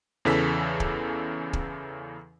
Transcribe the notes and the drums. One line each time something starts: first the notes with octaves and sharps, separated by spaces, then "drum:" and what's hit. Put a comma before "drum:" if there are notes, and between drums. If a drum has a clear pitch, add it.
E2 C#3 E3 A4 B6
drum: kick
drum: kick